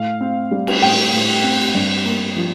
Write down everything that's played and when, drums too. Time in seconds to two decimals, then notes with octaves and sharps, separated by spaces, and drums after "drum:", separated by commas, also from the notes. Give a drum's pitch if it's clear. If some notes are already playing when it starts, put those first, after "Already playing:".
Already playing: A2 F5
0.21 C4
0.51 G3
0.67 drum: cymbal
0.82 A2 G5
1.13 A2
1.43 C4
1.75 G2
2.05 A#3
2.36 F3